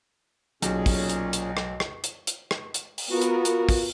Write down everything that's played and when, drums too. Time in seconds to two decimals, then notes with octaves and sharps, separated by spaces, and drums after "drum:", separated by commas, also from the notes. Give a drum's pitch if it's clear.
0.62 B1 A#2 C#4 G#4, drum: hi-hat
0.86 drum: kick, open hi-hat
1.10 drum: hi-hat
1.33 drum: hi-hat
1.57 drum: rim click
1.80 drum: rim click
2.04 drum: hi-hat
2.27 drum: hi-hat
2.51 drum: rim click
2.74 drum: hi-hat
2.98 drum: open hi-hat
3.11 B3 F4 F#4 A#4
3.21 drum: hi-hat
3.45 drum: hi-hat
3.69 drum: kick, open hi-hat